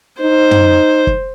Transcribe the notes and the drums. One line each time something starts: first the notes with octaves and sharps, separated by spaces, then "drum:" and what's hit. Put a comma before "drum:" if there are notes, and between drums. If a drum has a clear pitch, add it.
D#4 C5
drum: tom
drum: kick